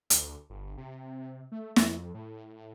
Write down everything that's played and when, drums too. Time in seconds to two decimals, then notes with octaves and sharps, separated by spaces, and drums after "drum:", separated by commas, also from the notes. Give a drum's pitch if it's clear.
0.10 D2, drum: hi-hat
0.50 G1
0.78 C3
1.52 A3
1.76 F2, drum: snare
2.14 A2